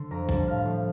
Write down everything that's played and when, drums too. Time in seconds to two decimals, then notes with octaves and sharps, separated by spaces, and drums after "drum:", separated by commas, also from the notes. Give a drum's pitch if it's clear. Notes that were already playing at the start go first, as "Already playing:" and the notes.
Already playing: D3 C6
0.11 F2 A#5
0.29 D3 G3 A5, drum: kick
0.48 A2 F5
0.65 F3 A3